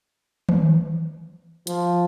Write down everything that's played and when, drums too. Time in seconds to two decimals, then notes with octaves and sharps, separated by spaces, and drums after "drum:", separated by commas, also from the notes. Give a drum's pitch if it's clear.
0.49 drum: tom D#3
1.67 F3, drum: hi-hat